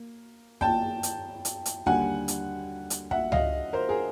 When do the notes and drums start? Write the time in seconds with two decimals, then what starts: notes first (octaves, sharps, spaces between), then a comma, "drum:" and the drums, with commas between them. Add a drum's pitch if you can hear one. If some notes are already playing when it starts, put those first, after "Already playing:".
Already playing: A#3
0.61 G5 A5, drum: kick
1.03 drum: hi-hat
1.45 drum: hi-hat
1.66 drum: hi-hat
1.86 D#2 D3 G3 A#3 F#5 G#5, drum: kick
2.28 drum: hi-hat
2.90 drum: hi-hat
3.11 E5 F#5, drum: kick
3.32 D#5 F5, drum: tom C#2
3.73 A#4 C5
3.89 G#4 A#4